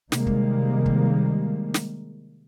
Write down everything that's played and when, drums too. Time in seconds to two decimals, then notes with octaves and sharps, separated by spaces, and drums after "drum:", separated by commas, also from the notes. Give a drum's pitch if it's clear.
0.12 C3 D#3 G3 G#3 A#3, drum: snare
0.27 drum: kick
0.86 drum: kick
1.74 drum: snare